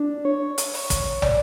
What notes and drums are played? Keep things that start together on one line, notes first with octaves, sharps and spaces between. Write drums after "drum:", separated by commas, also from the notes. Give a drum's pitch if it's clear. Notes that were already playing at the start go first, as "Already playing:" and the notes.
Already playing: D4
C#5
drum: hi-hat
drum: open hi-hat
drum: kick, hi-hat
D5, drum: tom